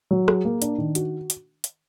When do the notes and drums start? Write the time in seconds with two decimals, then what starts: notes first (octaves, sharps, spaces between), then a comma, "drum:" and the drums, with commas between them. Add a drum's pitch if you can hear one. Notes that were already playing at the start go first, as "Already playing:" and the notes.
0.11 F#3
0.28 G#4, drum: rim click
0.45 A#3
0.62 D4, drum: hi-hat
0.78 D#3
0.95 F#4, drum: hi-hat
1.30 drum: hi-hat
1.64 drum: hi-hat